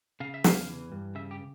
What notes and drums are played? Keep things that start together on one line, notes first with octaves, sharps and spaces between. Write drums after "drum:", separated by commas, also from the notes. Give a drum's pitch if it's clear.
C#3 F5
E5
E2 F5, drum: snare
E3
G2
C#3 E5
G4